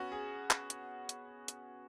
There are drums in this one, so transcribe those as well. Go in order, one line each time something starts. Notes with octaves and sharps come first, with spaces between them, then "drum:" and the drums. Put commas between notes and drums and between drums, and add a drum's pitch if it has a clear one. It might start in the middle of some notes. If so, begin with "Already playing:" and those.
Already playing: B3 C#4 F#4
G#4
drum: clap
drum: hi-hat
drum: hi-hat
drum: hi-hat